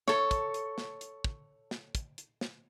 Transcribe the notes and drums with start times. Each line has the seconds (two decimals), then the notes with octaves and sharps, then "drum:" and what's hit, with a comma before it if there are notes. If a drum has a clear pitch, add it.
0.08 A4 C#5, drum: snare
0.31 drum: kick, hi-hat
0.54 drum: hi-hat
0.78 drum: snare
1.01 drum: hi-hat
1.24 drum: kick
1.71 drum: snare
1.95 drum: kick, hi-hat
2.18 drum: hi-hat
2.41 drum: snare